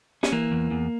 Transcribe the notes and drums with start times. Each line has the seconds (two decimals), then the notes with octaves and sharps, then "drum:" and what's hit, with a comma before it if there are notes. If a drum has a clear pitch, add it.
0.23 C#4, drum: snare
0.32 E3 A#3
0.52 E2
0.71 E2